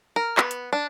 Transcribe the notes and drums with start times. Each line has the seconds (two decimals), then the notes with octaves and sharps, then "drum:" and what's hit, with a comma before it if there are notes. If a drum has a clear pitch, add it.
0.16 A#4
0.37 B3, drum: clap
0.51 drum: hi-hat
0.73 D4